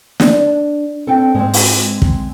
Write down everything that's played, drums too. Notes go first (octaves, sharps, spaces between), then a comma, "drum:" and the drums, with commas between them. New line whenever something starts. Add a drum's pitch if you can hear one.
D4, drum: snare
C4 A4 G5
G#2 G#3 C4
drum: open hi-hat
drum: kick